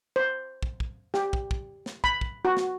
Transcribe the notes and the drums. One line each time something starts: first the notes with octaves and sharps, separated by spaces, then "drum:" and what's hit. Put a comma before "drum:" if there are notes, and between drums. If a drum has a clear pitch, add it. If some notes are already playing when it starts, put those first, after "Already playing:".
C5
drum: kick
drum: kick
G4, drum: snare
drum: kick
drum: kick
drum: snare
B5, drum: kick
drum: kick
F#4
drum: snare